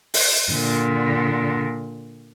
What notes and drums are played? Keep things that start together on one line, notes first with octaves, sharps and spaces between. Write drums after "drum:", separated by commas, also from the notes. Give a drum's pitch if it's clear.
drum: open hi-hat
A#2 D3